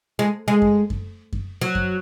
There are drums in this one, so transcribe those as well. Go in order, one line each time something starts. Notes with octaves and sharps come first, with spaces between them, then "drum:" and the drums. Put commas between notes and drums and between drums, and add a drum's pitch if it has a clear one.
G#3
G#3
drum: kick F#2
drum: kick F#2
drum: kick F#2
F#3
drum: kick F#2